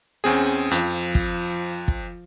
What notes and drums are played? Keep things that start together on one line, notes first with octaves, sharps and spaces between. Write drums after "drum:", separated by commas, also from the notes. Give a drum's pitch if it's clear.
E2 C4 C#4 G#4
F2 F3, drum: hi-hat
drum: kick
drum: kick